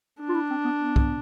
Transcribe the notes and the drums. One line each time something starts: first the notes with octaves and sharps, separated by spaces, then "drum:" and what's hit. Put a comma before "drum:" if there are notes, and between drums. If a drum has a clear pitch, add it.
D4
F4
E4
C4
B3
B3
drum: kick